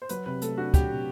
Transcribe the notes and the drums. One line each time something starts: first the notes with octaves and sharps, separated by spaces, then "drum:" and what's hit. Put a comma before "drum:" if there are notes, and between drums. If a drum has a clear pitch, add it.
C5
F#3 B4, drum: hi-hat
C3 B4
A3 A4, drum: hi-hat
D4 F#4
F#3 G4, drum: kick, hi-hat
C3